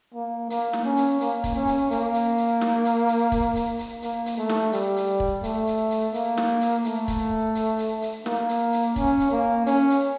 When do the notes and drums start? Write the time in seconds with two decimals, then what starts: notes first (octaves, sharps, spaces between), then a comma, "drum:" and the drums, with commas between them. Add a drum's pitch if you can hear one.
0.14 A#3
0.50 A#3, drum: hi-hat
0.73 drum: snare
0.85 C#4
0.97 drum: hi-hat
1.20 A#3, drum: hi-hat
1.44 drum: kick, hi-hat
1.55 C#4
1.67 drum: hi-hat
1.91 A#3, drum: hi-hat
2.14 drum: hi-hat
2.38 drum: hi-hat
2.61 drum: snare
2.85 drum: hi-hat
3.08 drum: hi-hat
3.32 drum: kick, hi-hat
3.55 drum: hi-hat
3.79 drum: hi-hat
4.02 A#3, drum: hi-hat
4.26 drum: hi-hat
4.38 A3
4.49 drum: snare
4.73 G3, drum: hi-hat
4.96 drum: hi-hat
5.20 drum: kick
5.43 A3, drum: hi-hat
5.67 drum: hi-hat
5.90 drum: hi-hat
6.14 A#3, drum: hi-hat
6.37 drum: snare
6.61 drum: hi-hat
6.84 A3, drum: hi-hat
7.08 drum: kick, hi-hat
7.55 drum: hi-hat
7.78 drum: hi-hat
8.02 drum: hi-hat
8.26 A#3, drum: snare
8.49 drum: hi-hat
8.73 drum: hi-hat
8.96 C#4, drum: kick, hi-hat
9.20 drum: hi-hat
9.31 A#3
9.66 C#4, drum: hi-hat
9.90 drum: hi-hat